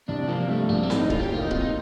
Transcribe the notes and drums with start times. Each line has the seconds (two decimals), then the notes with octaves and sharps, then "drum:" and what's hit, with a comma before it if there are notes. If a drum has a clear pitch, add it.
0.09 C2 D4
0.28 F3 A#3
0.48 G2 A3
0.69 A#1 A#3
0.83 C4
0.90 A2, drum: snare C4
0.96 D#4
1.10 F1 F4, drum: kick
1.19 G4
1.30 A#3 F4
1.41 D#4
1.51 C4 F4, drum: kick
1.60 D#4